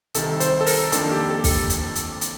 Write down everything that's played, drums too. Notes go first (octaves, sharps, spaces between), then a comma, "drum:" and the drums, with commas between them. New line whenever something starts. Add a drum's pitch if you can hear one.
C2 C3 D#3 A4, drum: hi-hat
C5, drum: hi-hat
A4
A#4, drum: open hi-hat
F2 D#3 A#3 D4 A4, drum: hi-hat
G4
A4
drum: kick, open hi-hat
drum: hi-hat
drum: hi-hat
drum: hi-hat